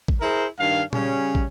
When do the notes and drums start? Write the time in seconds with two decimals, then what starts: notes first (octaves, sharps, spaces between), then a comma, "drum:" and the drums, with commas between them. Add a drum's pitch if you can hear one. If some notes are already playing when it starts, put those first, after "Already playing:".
0.08 drum: kick
0.21 E4 G#4 A#4 C5
0.59 G2 D#3 F5
0.93 C#3 G3 C#4, drum: tom A#2
1.35 drum: kick